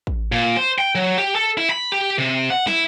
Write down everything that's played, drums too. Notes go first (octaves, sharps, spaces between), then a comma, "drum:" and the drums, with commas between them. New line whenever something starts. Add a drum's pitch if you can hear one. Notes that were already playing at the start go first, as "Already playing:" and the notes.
drum: kick A1
A#2
C5
G5
F#3
G4
A4
E4
B5
G4
C3
F#5
E4, drum: snare